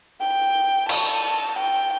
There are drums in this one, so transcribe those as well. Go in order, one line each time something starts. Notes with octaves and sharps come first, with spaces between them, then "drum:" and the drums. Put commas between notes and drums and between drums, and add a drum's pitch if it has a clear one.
G5
A5, drum: cymbal
G5